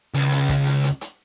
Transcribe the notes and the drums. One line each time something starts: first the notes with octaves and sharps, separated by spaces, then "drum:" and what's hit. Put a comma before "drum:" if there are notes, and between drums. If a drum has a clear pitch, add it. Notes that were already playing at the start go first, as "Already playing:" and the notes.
C#2, drum: hi-hat
drum: hi-hat
drum: kick, hi-hat
drum: hi-hat
drum: hi-hat
drum: hi-hat